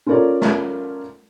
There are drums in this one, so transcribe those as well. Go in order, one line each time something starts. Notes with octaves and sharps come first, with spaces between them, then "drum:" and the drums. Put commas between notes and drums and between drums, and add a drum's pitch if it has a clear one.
C#4 F4 A4 A#4 C#5 D5
drum: snare